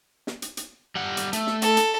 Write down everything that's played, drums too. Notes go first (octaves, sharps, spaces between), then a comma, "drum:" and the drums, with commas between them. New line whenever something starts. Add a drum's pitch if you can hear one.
drum: snare
drum: hi-hat
drum: hi-hat
G3 F#5
drum: hi-hat
A3, drum: hi-hat
drum: snare
A4, drum: hi-hat
drum: hi-hat